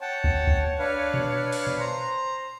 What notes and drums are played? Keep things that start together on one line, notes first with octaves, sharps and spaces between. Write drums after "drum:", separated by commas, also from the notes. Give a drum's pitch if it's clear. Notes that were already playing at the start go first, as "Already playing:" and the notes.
C#5 F#5 G5 A5
drum: kick D2
drum: kick D2
D4 B4 F5
drum: tom A#2
drum: open hi-hat
drum: tom A#2
C5 A#5